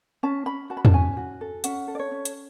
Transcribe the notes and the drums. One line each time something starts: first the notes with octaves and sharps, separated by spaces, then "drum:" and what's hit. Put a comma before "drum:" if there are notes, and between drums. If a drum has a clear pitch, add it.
C#4 A5
C#4 B5
F#4 A5
B5
A5, drum: tom E2
C#4 G#5
F#4
A4
C#4 F#5, drum: hi-hat
A4
D5
C#5
C#4
drum: hi-hat